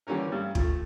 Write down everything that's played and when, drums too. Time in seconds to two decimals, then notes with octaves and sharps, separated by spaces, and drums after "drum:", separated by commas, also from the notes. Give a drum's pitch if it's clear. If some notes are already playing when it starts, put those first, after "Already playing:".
0.07 D3 E3 G3 C#4 A#4
0.32 G2
0.55 F3 A3, drum: kick